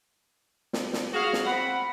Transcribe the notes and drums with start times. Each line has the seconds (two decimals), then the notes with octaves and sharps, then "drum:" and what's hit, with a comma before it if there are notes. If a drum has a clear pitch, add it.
0.73 drum: snare
0.93 drum: snare
1.13 F#4 G#4 F5
1.33 drum: snare
1.46 C4 F#5 B5